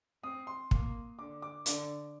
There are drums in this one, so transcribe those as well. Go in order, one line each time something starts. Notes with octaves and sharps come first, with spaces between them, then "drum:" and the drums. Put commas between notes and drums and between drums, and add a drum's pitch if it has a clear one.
C4 D#6
C6
A#3, drum: kick
D3 D6
D6
D3, drum: hi-hat